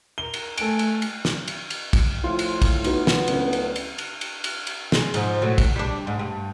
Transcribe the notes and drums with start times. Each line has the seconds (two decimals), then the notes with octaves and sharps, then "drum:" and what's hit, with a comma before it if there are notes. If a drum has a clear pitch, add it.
0.18 A#4 G7
0.34 drum: cymbal
0.58 A3 A4 G#5 D7, drum: cymbal
0.79 drum: cymbal
1.02 drum: cymbal
1.25 drum: snare
1.48 drum: cymbal
1.70 drum: cymbal
1.93 drum: kick, cymbal
2.24 A2 F3 F4
2.39 drum: cymbal
2.62 drum: kick, cymbal
2.84 B3 D#4 F#4 B4, drum: cymbal
3.07 drum: snare
3.28 D1 C#2, drum: cymbal
3.53 drum: cymbal
3.76 drum: cymbal
3.98 drum: cymbal
4.21 drum: cymbal
4.44 drum: cymbal
4.67 drum: cymbal
4.92 G#3, drum: snare
5.14 G#2 F3, drum: cymbal
5.42 A2 F#3
5.58 drum: kick, cymbal
5.76 G3 D4
6.07 G#2
6.19 G2